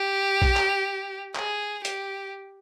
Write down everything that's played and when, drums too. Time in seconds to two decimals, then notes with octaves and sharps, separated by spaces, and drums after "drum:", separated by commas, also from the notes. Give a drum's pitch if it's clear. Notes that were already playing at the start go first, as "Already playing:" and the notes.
Already playing: G4
0.42 drum: kick A#1
0.56 drum: clap
1.36 G#4, drum: clap
1.85 G4, drum: hi-hat